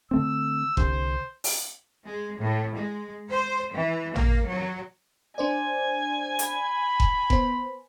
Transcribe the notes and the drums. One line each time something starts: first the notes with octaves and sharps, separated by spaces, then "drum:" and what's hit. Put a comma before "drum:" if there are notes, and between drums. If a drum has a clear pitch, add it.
D3 A3 C4 E6
C2 D3 C5, drum: kick F1
drum: open hi-hat
G#3
A2
G#3
C5
E3
A#3, drum: tom
F#3
D4 C5 D5 G#5
B5, drum: hi-hat
drum: kick F1
B3 C5, drum: kick F1